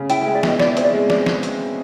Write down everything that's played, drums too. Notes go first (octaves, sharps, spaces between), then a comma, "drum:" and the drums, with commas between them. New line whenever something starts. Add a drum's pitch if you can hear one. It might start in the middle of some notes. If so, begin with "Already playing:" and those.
Already playing: C#3
E4 G5, drum: hi-hat
G5
G#3
D5
B2 D#5, drum: snare
E4 D5, drum: snare
C4, drum: hi-hat
D5
G#3
D5, drum: snare
drum: snare
drum: hi-hat